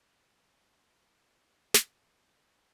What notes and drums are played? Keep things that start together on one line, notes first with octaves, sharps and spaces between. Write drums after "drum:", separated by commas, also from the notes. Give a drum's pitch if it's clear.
G2 B2 D#3 D4 E5
B4 C#5 D#5 F5
drum: snare
B2 B3 C4 D#4